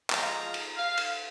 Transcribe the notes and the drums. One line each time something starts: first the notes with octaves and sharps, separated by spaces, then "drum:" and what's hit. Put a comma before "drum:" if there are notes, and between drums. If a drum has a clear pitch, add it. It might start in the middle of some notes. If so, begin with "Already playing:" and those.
F3 G#3 F4 A#5, drum: clap
drum: cymbal
F5
drum: cymbal